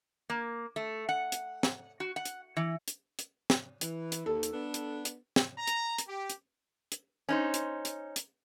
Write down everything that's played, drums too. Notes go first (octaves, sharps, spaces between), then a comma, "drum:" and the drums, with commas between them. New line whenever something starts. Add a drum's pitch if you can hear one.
A#3
A3
F#5
drum: hi-hat
drum: snare
F#4
F#5
drum: hi-hat
E3
drum: hi-hat
drum: hi-hat
drum: snare
E3, drum: hi-hat
drum: hi-hat
D#2 A4
drum: hi-hat
B3 D4
drum: hi-hat
drum: hi-hat
drum: snare
A#5
drum: hi-hat
drum: hi-hat
G4
drum: hi-hat
drum: hi-hat
C#4 D#4 C5
drum: hi-hat
drum: hi-hat
drum: hi-hat